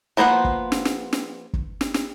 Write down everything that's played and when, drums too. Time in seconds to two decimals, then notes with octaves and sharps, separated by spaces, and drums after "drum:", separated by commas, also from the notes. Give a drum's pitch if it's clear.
0.17 F3 A#3 B3 C5 F#5
0.44 drum: kick G1
0.72 drum: snare
0.85 drum: snare
1.13 drum: snare
1.53 drum: kick G1
1.81 drum: snare
1.94 drum: snare